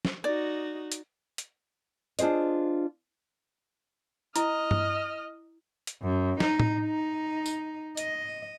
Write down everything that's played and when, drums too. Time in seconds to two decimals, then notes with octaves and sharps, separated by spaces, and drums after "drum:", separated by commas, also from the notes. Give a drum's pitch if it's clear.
0.05 drum: snare
0.24 D#4 F#4 D5
0.92 drum: hi-hat
1.38 drum: hi-hat
2.19 D4 F4 G#4 C5 D#5, drum: hi-hat
4.36 E4 D#5 F6, drum: hi-hat
4.71 drum: tom G2
5.87 drum: hi-hat
6.02 F#2
6.40 D#4, drum: snare
6.60 drum: tom A2
6.80 D#4
7.46 drum: tambourine
7.97 D#5, drum: hi-hat